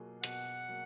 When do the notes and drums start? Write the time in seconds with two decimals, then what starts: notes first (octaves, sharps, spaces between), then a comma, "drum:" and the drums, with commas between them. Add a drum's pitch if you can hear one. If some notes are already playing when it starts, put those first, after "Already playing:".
Already playing: B2 F#3 A#3 F4 G#4
0.24 B2 F#5, drum: hi-hat
0.68 F#3 A#3